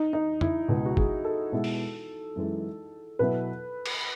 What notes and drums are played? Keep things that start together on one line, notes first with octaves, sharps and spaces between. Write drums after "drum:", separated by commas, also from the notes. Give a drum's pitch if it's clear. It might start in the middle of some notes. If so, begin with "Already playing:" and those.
Already playing: D#4
D#4
E4, drum: tom F2
C#2 B2 G#3
F#4
G#4, drum: kick
A4
B2 G#3 B3 E4
drum: open hi-hat
F#2 E3 G#3
B2 F#3 B3 E4 B4
drum: cymbal